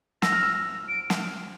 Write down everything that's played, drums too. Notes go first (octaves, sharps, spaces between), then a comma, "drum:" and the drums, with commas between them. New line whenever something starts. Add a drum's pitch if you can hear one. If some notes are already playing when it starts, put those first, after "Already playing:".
E6 A#6, drum: snare
F6
E6
D7
drum: snare